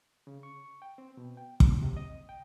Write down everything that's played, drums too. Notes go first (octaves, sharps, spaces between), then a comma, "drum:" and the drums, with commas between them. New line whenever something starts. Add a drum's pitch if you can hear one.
C#3
C#6
G5
C4
B2
G5
F#3, drum: kick
C3
D#5
G5